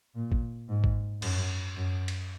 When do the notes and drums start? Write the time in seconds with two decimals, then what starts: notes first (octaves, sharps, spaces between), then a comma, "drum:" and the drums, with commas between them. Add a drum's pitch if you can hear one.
0.15 A#2
0.32 drum: kick
0.68 G#2
0.84 drum: kick
1.22 F#2, drum: cymbal
1.76 F#2
2.08 drum: cymbal